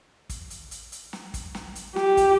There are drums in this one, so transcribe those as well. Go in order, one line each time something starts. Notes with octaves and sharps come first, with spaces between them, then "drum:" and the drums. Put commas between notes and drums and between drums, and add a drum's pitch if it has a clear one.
drum: kick, hi-hat
drum: hi-hat
drum: hi-hat
drum: hi-hat
drum: snare
drum: kick, hi-hat
drum: snare
drum: hi-hat
G4, drum: snare
drum: kick, hi-hat